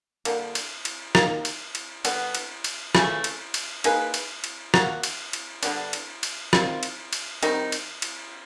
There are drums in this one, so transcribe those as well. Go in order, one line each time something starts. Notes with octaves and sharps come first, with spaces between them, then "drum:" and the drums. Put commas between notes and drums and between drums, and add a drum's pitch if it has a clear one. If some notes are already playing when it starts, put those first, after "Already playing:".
D3 G3 A#3, drum: cymbal
drum: cymbal
drum: cymbal
A#3 D#4 G4 A#4, drum: rim click
drum: cymbal
drum: cymbal
D3 G3 B3, drum: cymbal
drum: cymbal
drum: cymbal
C#3 E3 A3, drum: rim click
drum: cymbal
drum: cymbal
A#3 D#4 G#4 B4, drum: cymbal
drum: cymbal
drum: cymbal
A#3 D4 F#4, drum: rim click
drum: cymbal
drum: cymbal
D3 G3 B3 D4, drum: cymbal
drum: cymbal
drum: cymbal
D#3 G3 C4 F4, drum: rim click
drum: cymbal
drum: cymbal
D#3 G3 C4 D#4, drum: cymbal
drum: cymbal
drum: cymbal